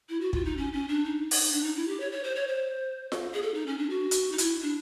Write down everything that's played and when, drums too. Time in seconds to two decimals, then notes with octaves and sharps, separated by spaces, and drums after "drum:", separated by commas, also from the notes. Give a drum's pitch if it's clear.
0.09 E4
0.21 F#4
0.33 F4, drum: kick
0.45 D#4
0.57 C#4
0.73 C#4
0.88 D4
1.04 D#4
1.31 drum: open hi-hat
1.52 D4
1.63 D#4
1.76 E4
1.87 G4
2.00 C#5
2.11 C#5
2.23 C5
2.35 C#5
2.47 C5
3.12 drum: snare F4
3.34 G#4
3.42 A4
3.54 D#4
3.66 C#4
3.78 D4
3.90 F#4
4.11 drum: hi-hat
4.32 D#4
4.38 E4, drum: hi-hat
4.62 D4